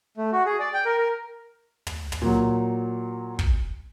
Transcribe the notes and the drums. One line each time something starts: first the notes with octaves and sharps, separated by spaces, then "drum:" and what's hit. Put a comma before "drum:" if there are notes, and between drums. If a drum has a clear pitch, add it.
A3
F#4
G#4
D5
G5
A#4
A#4
drum: tom
drum: tom
A#2 F#3
drum: kick